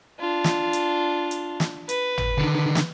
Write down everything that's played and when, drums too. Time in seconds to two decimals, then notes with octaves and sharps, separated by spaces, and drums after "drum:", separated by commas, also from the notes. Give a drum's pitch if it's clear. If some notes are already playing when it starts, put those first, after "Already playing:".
0.19 D4 F4
0.44 drum: snare
0.73 drum: hi-hat
1.31 drum: hi-hat
1.60 drum: snare
1.89 B4, drum: hi-hat
2.18 drum: tom
2.38 D3 D#3
2.75 drum: snare